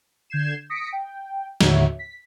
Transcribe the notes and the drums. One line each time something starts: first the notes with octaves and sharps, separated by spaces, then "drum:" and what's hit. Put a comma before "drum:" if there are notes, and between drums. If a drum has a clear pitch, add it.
D3 G6 G#6 C7 E7
D#6 A#6 B6 C#7 D7
G5
D#2 A2 D3 F#4 C#5 E5, drum: snare
B6